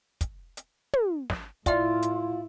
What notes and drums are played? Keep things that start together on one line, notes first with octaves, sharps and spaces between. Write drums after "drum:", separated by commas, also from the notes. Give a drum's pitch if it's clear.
drum: kick, hi-hat
drum: hi-hat
drum: tom
drum: snare
A2 E4 F4 D5 E5, drum: kick, hi-hat
drum: hi-hat